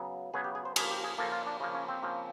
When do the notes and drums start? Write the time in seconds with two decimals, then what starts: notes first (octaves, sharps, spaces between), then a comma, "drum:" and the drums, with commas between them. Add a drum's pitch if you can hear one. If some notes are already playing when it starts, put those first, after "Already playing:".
Already playing: C#3 F#3 B3
0.34 C#3 F#3 B3 G#4
0.44 G4
0.55 G#4
0.65 C5
0.76 C#3 F3 A#3 G#4, drum: cymbal
0.91 G4
1.04 G#4
1.18 C#3 F3 A#3 A4
1.32 F4
1.47 D4
1.60 C#3 F3 A#3
1.74 C#4
1.88 C4
2.02 C#3 F3 A#3